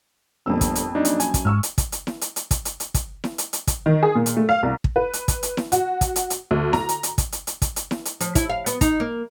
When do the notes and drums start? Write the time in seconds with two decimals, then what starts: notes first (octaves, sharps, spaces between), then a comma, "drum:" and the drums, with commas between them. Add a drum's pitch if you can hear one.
0.46 G1 F2 A#2 E6
0.61 drum: kick, hi-hat
0.75 drum: hi-hat
0.95 F#2 D4 D#4
1.05 drum: hi-hat
1.20 G#5, drum: hi-hat
1.34 drum: kick, hi-hat
1.45 G#2 C#6 E6 F6
1.63 drum: hi-hat
1.78 drum: kick, hi-hat
1.92 drum: hi-hat
2.07 drum: snare E4
2.21 drum: hi-hat
2.36 drum: hi-hat
2.51 drum: kick, hi-hat
2.65 drum: hi-hat
2.80 drum: hi-hat
2.94 drum: kick, hi-hat
3.24 drum: snare E4
3.38 drum: hi-hat
3.53 drum: hi-hat
3.67 drum: kick, hi-hat
3.86 D#3
4.03 G#4
4.15 A#2
4.26 drum: hi-hat
4.37 A3
4.49 F5
4.63 C2
4.84 drum: kick
4.96 B4
5.13 drum: hi-hat
5.28 drum: kick, hi-hat
5.43 drum: hi-hat
5.57 drum: snare E4
5.72 F#4, drum: hi-hat
6.01 drum: kick, hi-hat
6.16 drum: hi-hat
6.30 drum: hi-hat
6.51 D2
6.73 A#5, drum: snare E4
6.89 drum: hi-hat
7.03 drum: hi-hat
7.18 drum: kick, hi-hat
7.32 drum: hi-hat
7.47 drum: hi-hat
7.62 drum: kick, hi-hat
7.76 drum: hi-hat
7.91 drum: snare E4
8.05 drum: hi-hat
8.20 F3, drum: hi-hat
8.35 E4, drum: kick, hi-hat
8.49 F5
8.66 B3, drum: hi-hat
8.81 D#4, drum: kick, hi-hat
9.00 A#3